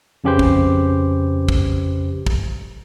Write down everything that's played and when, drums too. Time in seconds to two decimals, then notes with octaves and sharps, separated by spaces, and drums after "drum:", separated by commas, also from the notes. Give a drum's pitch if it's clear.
0.24 F2 C#3 C#4 G4 B4 C5
0.39 drum: kick
1.49 drum: kick
2.26 drum: kick